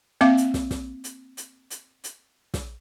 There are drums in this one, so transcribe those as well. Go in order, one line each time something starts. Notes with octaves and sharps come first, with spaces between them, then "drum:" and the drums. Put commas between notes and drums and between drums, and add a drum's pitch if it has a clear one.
A#3 C4 E5 F5 D6
drum: hi-hat
drum: snare
drum: snare
drum: hi-hat
drum: hi-hat
drum: hi-hat
drum: hi-hat
drum: snare